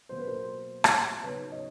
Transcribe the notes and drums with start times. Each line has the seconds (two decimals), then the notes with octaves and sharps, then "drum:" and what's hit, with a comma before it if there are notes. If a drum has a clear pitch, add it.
0.09 B2 F#3 A#3 C5
0.18 B4
0.27 A#4 C5
0.84 drum: rim click
1.23 C#3 F#3 B3 D#4 B4 C#5
1.52 C#5 D#5